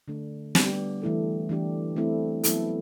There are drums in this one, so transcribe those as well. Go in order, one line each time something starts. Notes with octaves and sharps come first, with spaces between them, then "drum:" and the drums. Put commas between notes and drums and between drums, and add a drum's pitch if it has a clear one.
D3 A3 D4
G3 B3 D4 G4, drum: snare
E3 A3 E4 A4
E3 A3 D4 G4
A3 C4 E4 A4
F#3 B3 E4 A4, drum: hi-hat